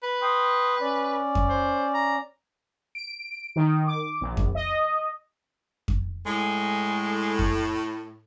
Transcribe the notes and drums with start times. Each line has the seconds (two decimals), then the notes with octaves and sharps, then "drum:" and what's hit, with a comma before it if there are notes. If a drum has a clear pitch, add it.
0.03 B4
0.22 G5 C6 D#6
0.81 C#4 D5
1.35 drum: kick F2
1.49 C5
1.94 A#5
2.95 D7
3.56 D#3
3.87 D6
4.21 A#1
4.37 drum: kick F2
4.55 D#5
5.88 drum: kick F2
6.26 A2 G#3
7.39 drum: kick F2